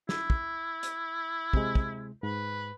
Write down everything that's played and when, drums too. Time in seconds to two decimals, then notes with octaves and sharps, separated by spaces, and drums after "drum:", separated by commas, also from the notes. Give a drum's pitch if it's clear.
0.09 E4, drum: snare
0.30 drum: kick
0.83 drum: hi-hat
1.53 C3 G#3, drum: kick
1.75 drum: kick
2.23 G#2 B4